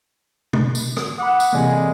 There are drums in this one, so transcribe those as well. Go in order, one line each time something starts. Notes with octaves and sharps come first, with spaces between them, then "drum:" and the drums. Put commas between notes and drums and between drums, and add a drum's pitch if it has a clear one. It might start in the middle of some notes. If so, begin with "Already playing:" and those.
drum: tom B2
drum: tambourine
drum: rim click
F#5 B5 D6 D#6
drum: tambourine
C3 E3 G#3 A#3 A4 D5 G#5